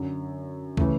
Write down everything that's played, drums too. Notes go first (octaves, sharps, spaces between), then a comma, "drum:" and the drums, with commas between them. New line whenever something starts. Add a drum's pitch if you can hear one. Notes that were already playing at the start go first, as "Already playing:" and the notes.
Already playing: F#2 D3
C#3 E3 A3, drum: kick